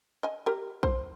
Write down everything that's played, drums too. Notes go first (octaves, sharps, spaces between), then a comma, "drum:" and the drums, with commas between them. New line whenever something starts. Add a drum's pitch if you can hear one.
D#5 G#5
G4 A#4
C5, drum: kick A#1